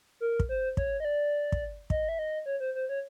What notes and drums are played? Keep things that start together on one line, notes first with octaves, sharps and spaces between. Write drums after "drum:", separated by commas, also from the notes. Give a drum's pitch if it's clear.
A#4
drum: kick
C5
C#5, drum: kick
D#5
D5
drum: kick
D#5, drum: kick
E5
D#5
C#5
C5
C5
C#5